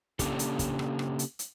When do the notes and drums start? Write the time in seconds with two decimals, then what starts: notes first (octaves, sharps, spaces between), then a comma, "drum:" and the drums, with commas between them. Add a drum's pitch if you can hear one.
0.19 C#3 A#3 C#4 D4 G4 A4, drum: kick, hi-hat
0.39 drum: hi-hat
0.59 drum: kick, hi-hat
0.79 drum: rim click
0.99 drum: rim click
1.19 drum: hi-hat
1.39 drum: hi-hat